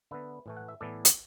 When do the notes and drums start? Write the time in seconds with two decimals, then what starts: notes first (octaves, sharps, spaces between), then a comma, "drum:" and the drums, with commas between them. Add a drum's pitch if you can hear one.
0.11 D3 B3 B4 E5
0.46 A2 E3 A3
0.57 F#5
0.68 E5
0.81 A2 E3 B3 A4 D5
1.05 drum: hi-hat